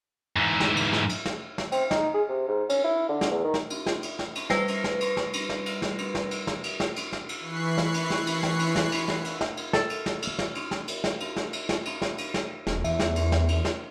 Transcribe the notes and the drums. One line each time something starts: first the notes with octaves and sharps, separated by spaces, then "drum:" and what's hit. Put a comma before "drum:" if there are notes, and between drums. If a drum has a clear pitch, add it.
G#2 E3
drum: snare
drum: cymbal
drum: snare
drum: cymbal
drum: snare
drum: snare
C4, drum: cymbal
D#4, drum: snare
G#4
C3
G#2
C#4, drum: cymbal
E4
D3
drum: snare
E2
D#3
drum: snare
drum: cymbal
drum: snare
drum: cymbal
drum: snare
drum: cymbal
G3 B4 A#6 C7, drum: snare
drum: cymbal
drum: snare
drum: cymbal
drum: snare
drum: cymbal
drum: snare
drum: cymbal
drum: snare
drum: cymbal
drum: snare
drum: cymbal
drum: snare
drum: cymbal
drum: snare
drum: cymbal
drum: snare
drum: cymbal
E3 B5 C#6 F#6 C7
drum: snare
drum: cymbal
drum: snare
drum: cymbal
drum: snare
drum: cymbal
drum: snare
drum: cymbal
drum: snare
drum: cymbal
drum: snare
drum: cymbal
A4, drum: snare
drum: cymbal
drum: snare
drum: cymbal
drum: snare
drum: cymbal
drum: snare
drum: cymbal
drum: snare
drum: cymbal
drum: snare
drum: cymbal
drum: snare
drum: cymbal
drum: snare
drum: cymbal
drum: snare
E1, drum: snare
E2 E5, drum: cymbal
drum: snare
drum: cymbal
drum: snare
drum: cymbal
drum: snare